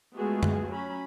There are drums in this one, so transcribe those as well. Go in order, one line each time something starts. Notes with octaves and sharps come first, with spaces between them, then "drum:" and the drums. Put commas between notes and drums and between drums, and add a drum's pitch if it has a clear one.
G#3 A3 B3 F4 F#4 G#4
drum: tom F#2
F#3 C#4 B5